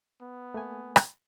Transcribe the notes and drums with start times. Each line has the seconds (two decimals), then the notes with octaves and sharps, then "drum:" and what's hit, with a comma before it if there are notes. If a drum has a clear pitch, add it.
0.21 B3
0.54 A3 A#3 G#5
0.96 drum: rim click